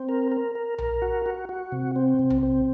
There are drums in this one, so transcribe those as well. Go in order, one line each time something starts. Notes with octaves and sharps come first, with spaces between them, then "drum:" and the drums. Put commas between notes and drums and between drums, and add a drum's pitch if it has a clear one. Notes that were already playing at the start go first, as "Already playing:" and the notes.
Already playing: C4
A#4
A#4
A#4
A#4, drum: tom B1
F#4
F#4
F#4
C3
C4
C3
drum: tom B1
C4